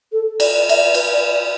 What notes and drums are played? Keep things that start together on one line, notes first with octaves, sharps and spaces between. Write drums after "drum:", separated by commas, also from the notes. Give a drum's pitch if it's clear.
A4
D5, drum: cymbal
D5
E5, drum: cymbal
D5
B4, drum: cymbal
D5
D5